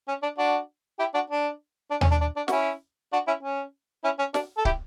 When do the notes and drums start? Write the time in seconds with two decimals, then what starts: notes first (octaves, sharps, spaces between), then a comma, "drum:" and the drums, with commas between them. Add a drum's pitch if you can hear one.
0.08 C#4
0.23 D4
0.38 D4 F#4
0.99 E4 G4
1.14 D4 F#4
1.30 D4
1.91 D4
2.01 C#4, drum: tom D#2
2.11 D4
2.21 D4
2.36 D4
2.48 F#4, drum: snare
2.52 C#4 E4
3.13 D4 F#4
3.27 C#4 E4
3.43 C#4
4.04 C#4 E4
4.19 C#4
4.34 D4, drum: snare
4.58 A4
4.65 E4 G4, drum: kick